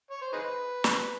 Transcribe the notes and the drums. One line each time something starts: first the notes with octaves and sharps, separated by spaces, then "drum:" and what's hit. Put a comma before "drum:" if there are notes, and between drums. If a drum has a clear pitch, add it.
C#5
C5
D#4 G#4 B4
drum: snare